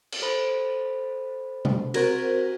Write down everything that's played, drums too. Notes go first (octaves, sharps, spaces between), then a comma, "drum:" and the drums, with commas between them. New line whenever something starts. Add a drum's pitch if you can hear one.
drum: cymbal
A4 C5 B5
drum: tom C3
C4 F#4 A#4 C5 G#6 A#6, drum: cymbal